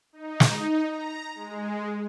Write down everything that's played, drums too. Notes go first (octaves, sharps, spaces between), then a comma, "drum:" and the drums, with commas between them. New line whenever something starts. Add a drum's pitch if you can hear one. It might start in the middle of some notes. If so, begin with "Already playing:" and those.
D#4
drum: snare
A#5
G#3